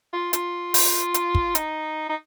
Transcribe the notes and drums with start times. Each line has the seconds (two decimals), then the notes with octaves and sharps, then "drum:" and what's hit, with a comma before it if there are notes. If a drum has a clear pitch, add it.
0.13 F4
0.33 F4, drum: hi-hat
0.74 drum: open hi-hat
1.14 drum: hi-hat
1.35 drum: kick
1.55 D#4, drum: hi-hat
2.09 D#4